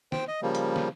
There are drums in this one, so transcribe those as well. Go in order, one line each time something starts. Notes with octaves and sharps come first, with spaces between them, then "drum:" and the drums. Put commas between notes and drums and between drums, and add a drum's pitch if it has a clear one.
C5 G5, drum: snare
D#5
C#3 F3 G3 A#3
drum: hi-hat
drum: snare